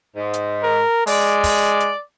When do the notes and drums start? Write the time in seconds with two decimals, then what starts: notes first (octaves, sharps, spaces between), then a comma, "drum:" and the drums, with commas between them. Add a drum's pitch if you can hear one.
0.16 G#2
0.33 drum: hi-hat
0.64 A#4
1.07 G#3 D5, drum: open hi-hat
1.44 drum: kick, open hi-hat
1.80 drum: hi-hat